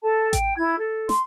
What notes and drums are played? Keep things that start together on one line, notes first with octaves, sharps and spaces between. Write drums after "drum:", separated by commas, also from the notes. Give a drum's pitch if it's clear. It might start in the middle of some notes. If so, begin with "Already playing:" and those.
A4 A5
G5, drum: kick A1, hi-hat
E4 G#6
A4
C6, drum: snare